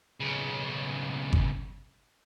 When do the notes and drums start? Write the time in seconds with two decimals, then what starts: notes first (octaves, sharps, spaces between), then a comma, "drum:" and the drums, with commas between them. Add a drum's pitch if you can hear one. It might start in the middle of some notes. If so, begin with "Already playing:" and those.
0.20 B1 C#3
1.33 drum: kick G1